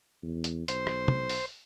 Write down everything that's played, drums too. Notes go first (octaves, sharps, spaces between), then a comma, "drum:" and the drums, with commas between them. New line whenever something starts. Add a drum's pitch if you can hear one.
E2
drum: hi-hat
B1 C5, drum: hi-hat
drum: rim click
drum: tom
drum: open hi-hat